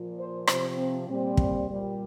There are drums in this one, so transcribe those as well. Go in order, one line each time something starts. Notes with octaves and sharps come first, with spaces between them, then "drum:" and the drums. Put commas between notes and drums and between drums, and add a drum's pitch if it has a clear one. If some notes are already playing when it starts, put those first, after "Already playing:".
Already playing: A#2 F3
C5
C3 F3 C5, drum: rim click
C4
A#2 G3 C4
drum: kick
A#2 G3